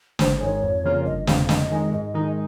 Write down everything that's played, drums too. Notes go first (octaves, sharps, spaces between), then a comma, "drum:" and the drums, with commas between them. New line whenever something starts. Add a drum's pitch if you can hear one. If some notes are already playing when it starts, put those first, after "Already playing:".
G#1 C5, drum: snare
G#2 D#3 G#3 C#5
F2
C#3 F3 A#3 F4
G1 D#5
F2 C3 F5, drum: snare
F2 D#5, drum: snare
D#3 G#3 D#4
G#2 D#5
D#3 G#3 D#4